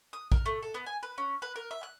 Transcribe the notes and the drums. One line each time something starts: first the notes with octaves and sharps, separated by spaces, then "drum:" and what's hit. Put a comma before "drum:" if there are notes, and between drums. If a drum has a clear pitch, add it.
D#6
A#4, drum: kick A#1
A3
A4
B3
G#5
B4
C#4
B4
A#4
E5
F#6